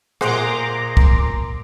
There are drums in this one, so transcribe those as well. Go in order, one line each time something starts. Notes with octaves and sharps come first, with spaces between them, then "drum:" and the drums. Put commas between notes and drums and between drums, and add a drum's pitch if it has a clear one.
A#2 G#4 C5 F#5 A#5 C6 D6, drum: rim click
drum: kick